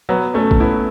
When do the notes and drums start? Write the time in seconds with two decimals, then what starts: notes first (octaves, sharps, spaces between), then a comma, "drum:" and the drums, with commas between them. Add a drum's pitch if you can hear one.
0.09 F#3 B3
0.34 A3 C#4
0.51 drum: kick
0.60 B3 E4